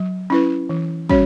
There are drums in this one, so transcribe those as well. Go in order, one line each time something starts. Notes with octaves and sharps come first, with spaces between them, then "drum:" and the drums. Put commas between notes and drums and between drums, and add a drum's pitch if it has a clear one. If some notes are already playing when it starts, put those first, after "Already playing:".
Already playing: F#3
C#4 E4 B4
E3
G3 C#4 F#4 C#5, drum: kick